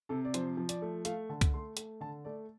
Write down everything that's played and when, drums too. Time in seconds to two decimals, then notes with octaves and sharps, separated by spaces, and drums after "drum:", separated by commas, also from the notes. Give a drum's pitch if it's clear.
0.09 C3 A4
0.25 D5
0.34 F3 C5, drum: hi-hat
0.57 F3
0.69 D5, drum: hi-hat
0.82 A3
1.05 A3 F5, drum: hi-hat
1.29 D3 A5
1.41 drum: kick C2, hi-hat
1.54 A3 C6
1.77 A3, drum: hi-hat
2.01 D3 A5
2.25 A3 D5